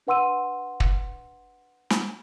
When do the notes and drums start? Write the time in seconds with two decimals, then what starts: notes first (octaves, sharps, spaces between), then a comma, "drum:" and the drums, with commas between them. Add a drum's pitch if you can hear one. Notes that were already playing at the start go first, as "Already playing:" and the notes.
0.07 D4 B4 F#5 C6 E6 D#7
0.80 drum: kick
1.90 drum: snare